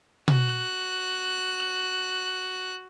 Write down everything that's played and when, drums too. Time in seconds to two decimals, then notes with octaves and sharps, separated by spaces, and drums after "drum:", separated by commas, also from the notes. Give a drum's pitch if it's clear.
0.28 F#4 F#6, drum: tom B2